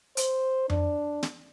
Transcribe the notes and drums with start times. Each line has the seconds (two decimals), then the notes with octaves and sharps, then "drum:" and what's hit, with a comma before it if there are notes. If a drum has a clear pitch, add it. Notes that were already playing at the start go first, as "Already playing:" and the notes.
0.17 C5, drum: hi-hat
0.70 D4, drum: tom F2
1.23 drum: snare